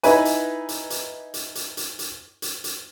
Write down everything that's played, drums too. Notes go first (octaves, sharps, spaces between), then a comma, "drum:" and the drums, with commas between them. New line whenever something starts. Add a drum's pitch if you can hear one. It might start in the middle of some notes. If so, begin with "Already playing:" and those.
D#4 E4 B4 G#5, drum: hi-hat
drum: hi-hat
drum: hi-hat
drum: hi-hat
drum: hi-hat
drum: hi-hat
drum: hi-hat
drum: hi-hat
drum: hi-hat
drum: hi-hat